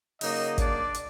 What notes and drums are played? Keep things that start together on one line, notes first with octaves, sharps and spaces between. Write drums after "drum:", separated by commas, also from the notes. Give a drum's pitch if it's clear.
C#3 F#3 A#3 D#4 D#5, drum: open hi-hat
D4 D5, drum: kick, hi-hat
drum: hi-hat